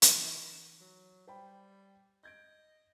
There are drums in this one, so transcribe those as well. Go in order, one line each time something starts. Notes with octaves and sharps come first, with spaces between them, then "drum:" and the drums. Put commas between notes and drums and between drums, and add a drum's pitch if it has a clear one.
E3 D#4 E4, drum: hi-hat
F#3
G3 C5 G5 B5
D#5 G6 G#6 D7